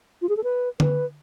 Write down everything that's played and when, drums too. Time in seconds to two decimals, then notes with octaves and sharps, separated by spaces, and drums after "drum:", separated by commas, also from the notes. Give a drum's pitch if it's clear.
0.22 F4
0.29 G#4
0.37 A4
0.43 B4
0.80 B4, drum: tom D3